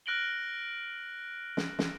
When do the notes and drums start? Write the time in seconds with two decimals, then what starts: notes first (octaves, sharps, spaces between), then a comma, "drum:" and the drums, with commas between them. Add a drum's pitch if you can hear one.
0.06 F6 F#6 A#6 D7 F#7 G7
1.57 drum: snare
1.79 drum: snare